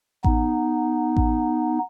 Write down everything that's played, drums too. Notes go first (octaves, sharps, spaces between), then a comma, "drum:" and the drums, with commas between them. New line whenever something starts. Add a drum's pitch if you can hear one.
B3 D#4, drum: kick A1
drum: kick A1